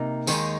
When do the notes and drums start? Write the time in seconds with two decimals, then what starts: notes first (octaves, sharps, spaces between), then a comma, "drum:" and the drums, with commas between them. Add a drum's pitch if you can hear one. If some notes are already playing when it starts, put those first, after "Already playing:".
Already playing: C3 A#3 D#4
0.27 D#2 D#3 G#3 D#4, drum: tambourine